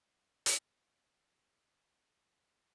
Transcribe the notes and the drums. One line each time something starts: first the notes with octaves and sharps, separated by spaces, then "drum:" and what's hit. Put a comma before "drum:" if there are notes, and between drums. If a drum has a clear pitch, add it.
A#3
drum: hi-hat
G#3 C#4 D4 C5
F#4
G3 B3 C4 C5